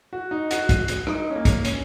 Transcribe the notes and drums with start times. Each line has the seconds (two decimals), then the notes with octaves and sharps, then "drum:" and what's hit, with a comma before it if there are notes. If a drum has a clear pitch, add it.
0.13 F#4
0.31 D#4
0.51 F#4, drum: hi-hat
0.69 drum: kick, hi-hat
0.79 F#4
0.88 drum: hi-hat
1.07 D#4, drum: rim click
1.30 C#4
1.35 A#3
1.45 drum: kick, hi-hat
1.65 C#4, drum: hi-hat